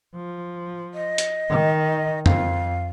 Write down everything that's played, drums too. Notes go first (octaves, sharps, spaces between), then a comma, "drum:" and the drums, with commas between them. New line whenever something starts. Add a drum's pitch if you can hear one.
F3
D#5
drum: hi-hat
D#3
F2 F5, drum: tom F2